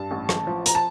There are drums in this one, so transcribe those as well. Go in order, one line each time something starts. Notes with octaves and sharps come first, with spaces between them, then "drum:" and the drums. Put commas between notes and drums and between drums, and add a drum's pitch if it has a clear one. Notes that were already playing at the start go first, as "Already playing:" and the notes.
Already playing: G2 A5
A1
A1, drum: rim click
F3
A#5, drum: hi-hat
A5